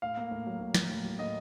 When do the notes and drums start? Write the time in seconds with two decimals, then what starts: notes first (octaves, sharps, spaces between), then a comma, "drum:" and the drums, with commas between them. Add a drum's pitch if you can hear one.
0.02 A2 F5
0.17 A#3
0.31 A2
0.47 F#3
0.61 A2
0.74 A#3, drum: snare
0.90 A2
1.05 F#3
1.19 A2 D#5